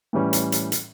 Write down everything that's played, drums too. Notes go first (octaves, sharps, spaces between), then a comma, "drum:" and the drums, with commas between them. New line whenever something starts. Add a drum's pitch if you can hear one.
A2 E3 G3 C#4
drum: hi-hat
drum: hi-hat
drum: hi-hat